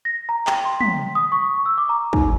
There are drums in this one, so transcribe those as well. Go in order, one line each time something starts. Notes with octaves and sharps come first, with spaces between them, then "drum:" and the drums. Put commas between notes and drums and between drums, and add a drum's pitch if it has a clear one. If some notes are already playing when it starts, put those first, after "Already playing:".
A#6
A#5
G5, drum: clap
C6
B6, drum: tom
D#6
C#6
E6
D6
A#5
D#4, drum: kick